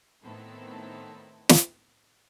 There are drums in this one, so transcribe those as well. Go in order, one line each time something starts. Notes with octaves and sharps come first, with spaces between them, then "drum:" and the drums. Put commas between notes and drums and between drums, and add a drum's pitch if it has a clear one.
A2 D#3 B3 C4 E4 A4
drum: snare